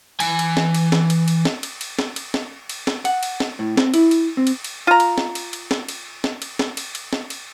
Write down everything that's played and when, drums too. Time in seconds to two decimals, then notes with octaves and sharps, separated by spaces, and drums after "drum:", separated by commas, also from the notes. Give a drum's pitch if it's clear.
0.20 E3 G#5, drum: cymbal
0.39 drum: cymbal
0.57 drum: snare
0.74 drum: cymbal
0.92 drum: snare
1.10 drum: cymbal
1.28 drum: cymbal
1.45 drum: snare
1.63 drum: cymbal
1.81 drum: cymbal
1.99 drum: snare
2.16 drum: cymbal
2.34 drum: snare
2.69 drum: cymbal
2.87 drum: snare
3.05 F#5, drum: cymbal
3.23 drum: cymbal
3.40 drum: snare
3.59 A2
3.77 C4, drum: snare
3.94 E4, drum: cymbal
4.11 drum: cymbal
4.37 C4
4.47 drum: cymbal
4.64 drum: cymbal
4.87 F4 A#5
5.00 drum: cymbal
5.18 drum: snare
5.35 drum: cymbal
5.53 drum: cymbal
5.71 drum: snare
5.89 drum: cymbal
6.24 drum: snare
6.42 drum: cymbal
6.59 drum: snare
6.77 drum: cymbal
6.95 drum: cymbal
7.13 drum: snare
7.30 drum: cymbal